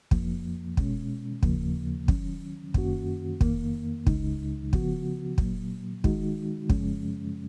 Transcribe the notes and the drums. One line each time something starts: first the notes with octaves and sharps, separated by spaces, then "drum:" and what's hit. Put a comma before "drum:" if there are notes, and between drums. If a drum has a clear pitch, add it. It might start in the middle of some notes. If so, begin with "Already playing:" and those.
F2 F3 A#3, drum: kick
B2 G#3 C#4, drum: kick
D#2 C#3 F3 A#3, drum: kick
D#3 F#3 C#4, drum: kick
F#2 D#3 A#3 C#4 F#4, drum: kick
F2 D#3 A#3, drum: kick
C#2 C#3 G#3 D#4, drum: kick
C#3 F3 B3 F#4, drum: kick
A#2 F#3 A#3, drum: kick
D#3 G#3 D#4 F#4, drum: kick
F#2 C#3 F3 G#3 C#4, drum: kick